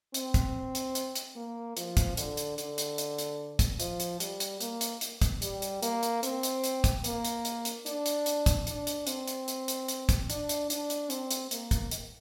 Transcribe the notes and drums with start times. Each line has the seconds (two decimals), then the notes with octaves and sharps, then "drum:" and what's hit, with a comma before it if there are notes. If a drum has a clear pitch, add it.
0.14 C4, drum: hi-hat
0.34 drum: kick, hi-hat
0.75 drum: hi-hat
0.95 drum: hi-hat
1.16 drum: hi-hat
1.36 A#3
1.77 F3, drum: hi-hat
1.97 drum: kick, hi-hat
2.17 D3, drum: hi-hat
2.37 drum: hi-hat
2.58 D3, drum: hi-hat
2.78 drum: hi-hat
2.98 drum: hi-hat
3.19 drum: hi-hat
3.59 drum: kick, hi-hat
3.80 F3, drum: hi-hat
4.00 drum: hi-hat
4.20 G3, drum: hi-hat
4.40 drum: hi-hat
4.61 A#3, drum: hi-hat
4.81 drum: hi-hat
5.01 drum: hi-hat
5.22 drum: kick, hi-hat
5.42 G3, drum: hi-hat
5.62 drum: hi-hat
5.83 A#3, drum: hi-hat
6.03 drum: hi-hat
6.23 C4, drum: hi-hat
6.43 drum: hi-hat
6.64 drum: hi-hat
6.84 drum: kick, hi-hat
7.04 A#3, drum: hi-hat
7.25 drum: hi-hat
7.45 drum: hi-hat
7.65 drum: hi-hat
7.86 D4, drum: hi-hat
8.06 drum: hi-hat
8.26 drum: hi-hat
8.46 drum: kick, hi-hat
8.67 D4, drum: hi-hat
8.87 drum: hi-hat
9.07 C4, drum: hi-hat
9.28 drum: hi-hat
9.48 drum: hi-hat
9.68 drum: hi-hat
9.88 drum: hi-hat
10.09 drum: kick, hi-hat
10.30 D4, drum: hi-hat
10.49 drum: hi-hat
10.70 D4, drum: hi-hat
10.90 drum: hi-hat
11.10 C4, drum: hi-hat
11.31 drum: hi-hat
11.51 A#3, drum: hi-hat
11.71 drum: kick, hi-hat
11.91 drum: hi-hat